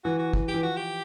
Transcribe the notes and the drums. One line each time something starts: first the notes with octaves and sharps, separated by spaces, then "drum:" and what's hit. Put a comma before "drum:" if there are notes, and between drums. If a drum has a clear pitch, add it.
E3 F#4
F#4
drum: kick
G4
E3
F3 F#4
G4